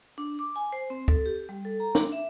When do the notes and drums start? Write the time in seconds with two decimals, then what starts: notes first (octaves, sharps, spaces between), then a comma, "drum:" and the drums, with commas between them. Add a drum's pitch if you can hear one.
0.18 D4
0.39 D6
0.56 G#5
0.73 C5
0.90 C4
1.08 A4, drum: kick
1.26 G4
1.49 G3
1.65 A4
1.80 A#5
1.95 D4, drum: snare
2.12 E5